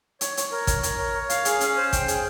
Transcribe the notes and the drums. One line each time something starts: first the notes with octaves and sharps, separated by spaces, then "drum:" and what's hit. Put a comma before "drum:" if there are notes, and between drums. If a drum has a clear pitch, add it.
C#5, drum: hi-hat
C#5, drum: hi-hat
A#4
C#5, drum: kick, hi-hat
A#4, drum: hi-hat
C#5
C#5
F5, drum: hi-hat
G#4, drum: hi-hat
C#4, drum: hi-hat
C5
G5, drum: kick, hi-hat
G#4, drum: hi-hat